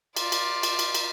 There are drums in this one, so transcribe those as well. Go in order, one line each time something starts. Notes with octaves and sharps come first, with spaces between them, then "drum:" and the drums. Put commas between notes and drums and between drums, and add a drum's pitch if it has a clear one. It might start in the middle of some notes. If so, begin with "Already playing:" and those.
F4 D5, drum: cymbal
drum: cymbal
drum: cymbal
drum: cymbal
drum: cymbal